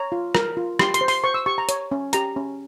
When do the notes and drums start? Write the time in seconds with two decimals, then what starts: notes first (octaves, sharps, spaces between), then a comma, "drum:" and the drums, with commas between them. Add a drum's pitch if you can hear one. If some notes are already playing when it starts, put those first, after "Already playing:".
Already playing: C#5 A#5
0.12 F4
0.35 A#4, drum: rim click
0.57 F4
0.79 G4 C6, drum: rim click
0.94 C6, drum: hi-hat
1.01 C5
1.08 C6, drum: open hi-hat
1.24 C5 C#6
1.34 E6
1.46 G4 C#6
1.58 A#5
1.69 C#5, drum: hi-hat
1.92 C#4
2.13 G4 A#5, drum: hi-hat
2.36 C#4